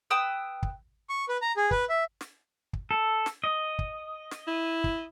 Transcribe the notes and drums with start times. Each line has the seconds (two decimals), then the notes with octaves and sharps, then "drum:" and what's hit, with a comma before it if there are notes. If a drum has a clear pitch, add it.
0.10 B4 G5 D#6 E6
0.63 drum: kick
1.10 C#6
1.29 B4
1.42 A#5
1.57 G#4
1.71 B4, drum: kick
1.89 E5
2.21 drum: snare
2.73 drum: kick
2.91 A4
3.26 drum: snare
3.44 D#5
3.79 drum: kick
4.31 drum: snare
4.47 E4
4.84 drum: kick